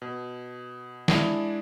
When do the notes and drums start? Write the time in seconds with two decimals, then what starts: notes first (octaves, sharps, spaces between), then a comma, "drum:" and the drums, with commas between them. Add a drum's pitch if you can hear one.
0.02 B2
1.08 G#3 D4 E4 G#4 D5, drum: snare